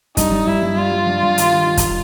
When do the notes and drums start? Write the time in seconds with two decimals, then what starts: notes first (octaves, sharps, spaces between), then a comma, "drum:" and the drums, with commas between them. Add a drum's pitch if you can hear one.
0.17 G2 D#4, drum: kick, hi-hat
0.32 G2
0.47 G3 E4
0.63 G2
0.77 G3 F4
0.92 G3
1.07 G2
1.23 G2
1.38 D#3, drum: hi-hat
1.53 D#3
1.67 D#3
1.77 drum: kick, hi-hat